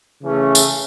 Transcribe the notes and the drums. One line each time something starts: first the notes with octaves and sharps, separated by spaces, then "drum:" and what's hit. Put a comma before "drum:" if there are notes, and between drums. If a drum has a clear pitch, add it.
C#3 E3 A3 C#4
drum: tambourine